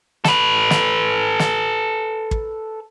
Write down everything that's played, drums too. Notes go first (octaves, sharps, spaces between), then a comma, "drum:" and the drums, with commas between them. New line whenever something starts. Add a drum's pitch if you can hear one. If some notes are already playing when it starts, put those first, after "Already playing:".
A4 B4, drum: snare
drum: snare
drum: snare
drum: kick